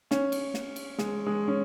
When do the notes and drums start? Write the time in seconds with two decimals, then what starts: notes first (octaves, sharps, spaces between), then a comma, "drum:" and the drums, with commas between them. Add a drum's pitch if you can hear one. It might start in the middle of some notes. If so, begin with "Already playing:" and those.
0.11 C#4, drum: snare
0.32 drum: cymbal
0.54 drum: snare
0.76 drum: cymbal
0.98 G#3, drum: snare
1.27 G#3
1.48 C#4